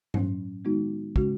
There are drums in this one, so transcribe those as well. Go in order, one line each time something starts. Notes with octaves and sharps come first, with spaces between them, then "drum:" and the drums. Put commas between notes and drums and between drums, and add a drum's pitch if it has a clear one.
A2 F#3 C#4, drum: tom G2
D#3 G#3 B3 D#4 F#4
C#3 G#3 C#4 F#4, drum: kick